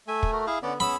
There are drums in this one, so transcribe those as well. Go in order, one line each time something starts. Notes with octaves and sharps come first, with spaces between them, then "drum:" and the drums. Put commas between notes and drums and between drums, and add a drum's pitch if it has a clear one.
A3 E5 G#5
drum: kick
F#4 A#4
E4 G#4 F5
D3 B3 C#4 D5
B3 C#4 G#4 B5 E6